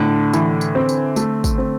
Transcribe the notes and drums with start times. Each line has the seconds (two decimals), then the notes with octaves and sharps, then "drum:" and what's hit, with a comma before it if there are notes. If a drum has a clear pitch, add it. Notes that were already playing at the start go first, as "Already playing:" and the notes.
Already playing: A2 D3
0.33 E3, drum: tambourine
0.61 drum: tambourine
0.75 C4
0.89 drum: tambourine
1.16 A3, drum: tambourine
1.44 drum: kick, tambourine
1.58 C4